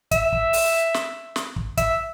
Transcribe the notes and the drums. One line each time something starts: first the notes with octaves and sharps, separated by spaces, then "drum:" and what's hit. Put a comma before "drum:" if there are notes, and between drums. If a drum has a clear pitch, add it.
E5, drum: kick, hi-hat
drum: kick
drum: open hi-hat
drum: snare
drum: snare
drum: kick
E5, drum: kick, hi-hat